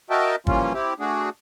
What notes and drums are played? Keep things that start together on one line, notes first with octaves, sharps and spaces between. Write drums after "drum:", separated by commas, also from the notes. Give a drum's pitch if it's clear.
F#4 A#4 D#5 E5 G5 A5
E3 F3 G3 A#3 C#4 F4, drum: kick
C4 E4 G4
A3 D4 F#4 G#4